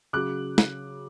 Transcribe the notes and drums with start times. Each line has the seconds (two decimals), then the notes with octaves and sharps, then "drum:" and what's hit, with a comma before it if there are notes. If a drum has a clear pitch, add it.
0.13 C#3 F#3 D6 F#6
0.58 drum: snare